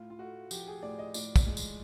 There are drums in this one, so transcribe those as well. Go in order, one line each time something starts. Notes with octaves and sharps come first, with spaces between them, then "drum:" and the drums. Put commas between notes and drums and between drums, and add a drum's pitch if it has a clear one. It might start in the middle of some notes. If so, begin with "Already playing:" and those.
Already playing: A2 F4
F4
A3 F#4
F3 G4, drum: tambourine
G#4
A2 D5
D#5
A2 D5, drum: tambourine
drum: kick, tambourine
G#3
drum: tambourine